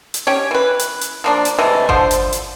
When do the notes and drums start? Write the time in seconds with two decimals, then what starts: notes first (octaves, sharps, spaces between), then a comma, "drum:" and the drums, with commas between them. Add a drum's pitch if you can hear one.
0.14 drum: hi-hat
0.27 C#4 G4 C#5
0.51 E3 B4
0.79 drum: hi-hat
1.01 drum: hi-hat
1.24 F3 A#3 D4
1.45 drum: hi-hat
1.59 C3 E3 G#3 A3
1.89 D3 F3 C5, drum: kick G1
2.11 drum: hi-hat
2.32 drum: hi-hat